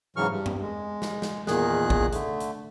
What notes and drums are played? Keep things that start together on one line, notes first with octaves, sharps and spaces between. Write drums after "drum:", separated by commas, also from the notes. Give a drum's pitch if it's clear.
G#2 C#3 E3 F#3 C#6 F6
G2
drum: tom F#2
G#3
drum: snare
drum: snare
E2 A#2 D#3 G#4 F#6, drum: snare
drum: kick
D3 A3, drum: hi-hat
drum: hi-hat